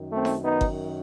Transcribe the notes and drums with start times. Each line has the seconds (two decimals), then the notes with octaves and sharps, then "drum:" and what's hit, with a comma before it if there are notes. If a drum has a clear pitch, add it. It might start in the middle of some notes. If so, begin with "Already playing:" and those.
Already playing: F#2 D#3
0.13 A3 C4
0.25 drum: snare D#4
0.43 B3 D#4
0.61 drum: kick G1